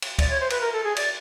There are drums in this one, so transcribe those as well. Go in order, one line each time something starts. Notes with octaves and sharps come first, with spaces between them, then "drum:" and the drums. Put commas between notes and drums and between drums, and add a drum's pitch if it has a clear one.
drum: cymbal
D5, drum: kick, cymbal
C#5
C5
B4, drum: cymbal
A#4
A4
G#4
D5, drum: cymbal